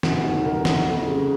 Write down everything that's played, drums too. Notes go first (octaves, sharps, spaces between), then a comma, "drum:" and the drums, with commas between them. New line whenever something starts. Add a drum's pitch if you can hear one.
F1 F#4, drum: snare
D#2 D#3 F#3
F1 A#4
D#2 D#3 F#3, drum: snare
F2
C#3 G#3